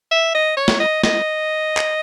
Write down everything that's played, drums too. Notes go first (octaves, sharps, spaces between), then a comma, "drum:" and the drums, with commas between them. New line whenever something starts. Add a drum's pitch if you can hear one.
E5
D#5
C#5
drum: snare
D#5
D#5, drum: snare
drum: clap